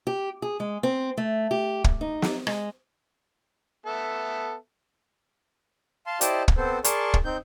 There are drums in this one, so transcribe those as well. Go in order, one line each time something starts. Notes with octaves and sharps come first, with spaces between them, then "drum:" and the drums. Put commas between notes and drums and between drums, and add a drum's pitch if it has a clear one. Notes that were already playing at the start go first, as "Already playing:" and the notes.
G4
G#4
G#3
C4
A3
G4
drum: kick
D#4
drum: snare
G#3, drum: rim click
B3 A4 E5
F5 A5 C6
E4 G4 C5 D5 D#5 A5, drum: hi-hat
drum: kick
B3 C4 A4 C5
G#4 A#4 D5 A5 C6 C#6, drum: hi-hat
drum: kick
C4 D#4 G6